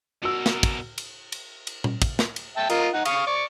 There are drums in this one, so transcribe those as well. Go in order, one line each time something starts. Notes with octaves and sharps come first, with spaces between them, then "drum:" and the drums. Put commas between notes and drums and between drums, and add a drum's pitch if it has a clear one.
B2 F#4 A#4 E6
drum: snare
drum: kick, cymbal
drum: cymbal
drum: cymbal
drum: cymbal
drum: tom A#2
drum: kick, cymbal
drum: snare
drum: cymbal
E5 G5 A5
F4 A#4 D#5, drum: cymbal
D#4 F#5
F5 C#6 D#6, drum: cymbal
D5 C#6